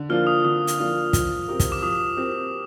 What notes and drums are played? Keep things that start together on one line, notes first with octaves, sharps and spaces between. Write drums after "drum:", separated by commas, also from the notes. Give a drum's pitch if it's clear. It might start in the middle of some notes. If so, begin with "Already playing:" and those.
Already playing: D3
F3 A#3 D4 F4 F6
D#6
D3 D#6
drum: hi-hat
F3 A#3 D4 F4
F3, drum: kick, hi-hat
C4 G4 A#4
drum: kick, hi-hat
D6
F3 D#6
C4 G4 A#4